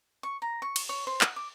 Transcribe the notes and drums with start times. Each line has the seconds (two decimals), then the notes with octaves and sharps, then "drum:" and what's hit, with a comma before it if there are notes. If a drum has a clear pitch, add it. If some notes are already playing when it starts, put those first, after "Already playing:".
0.23 C#6
0.42 A#5
0.62 C#6
0.76 drum: cymbal
0.89 C#5
1.07 C5
1.21 F#5, drum: clap
1.36 D6